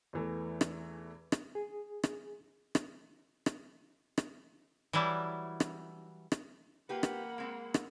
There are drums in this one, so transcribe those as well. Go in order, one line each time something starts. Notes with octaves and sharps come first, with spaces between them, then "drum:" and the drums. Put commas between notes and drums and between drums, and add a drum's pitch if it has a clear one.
E2 E3 A3
drum: rim click
drum: rim click
G#4
drum: rim click
drum: rim click
drum: rim click
drum: rim click
E3 F#3 G3 E4
drum: rim click
drum: rim click
A#3 F4 G4 B4 F#5 B5
drum: rim click
G#3 C4
drum: rim click